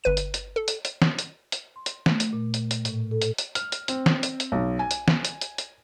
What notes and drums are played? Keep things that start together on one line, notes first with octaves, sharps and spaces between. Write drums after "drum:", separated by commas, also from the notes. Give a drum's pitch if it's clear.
G1 B4 D#7
drum: hi-hat
drum: hi-hat
A4
drum: hi-hat
drum: hi-hat
drum: snare
drum: hi-hat
drum: hi-hat
C6
drum: hi-hat
A3, drum: snare
drum: hi-hat
A#2
drum: hi-hat
drum: hi-hat
A2, drum: hi-hat
A4
drum: hi-hat
drum: hi-hat
F6, drum: hi-hat
drum: hi-hat
C4, drum: hi-hat
drum: snare
drum: hi-hat
drum: hi-hat
B1
G#5
drum: hi-hat
drum: snare
drum: hi-hat
drum: hi-hat
drum: hi-hat